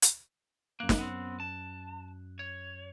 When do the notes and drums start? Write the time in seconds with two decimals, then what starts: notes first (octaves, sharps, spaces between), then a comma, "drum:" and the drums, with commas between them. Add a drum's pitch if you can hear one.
0.02 drum: hi-hat
0.80 F#2 A#3 F#6
0.89 drum: snare
0.98 B3 C4
1.40 A5
2.39 C#5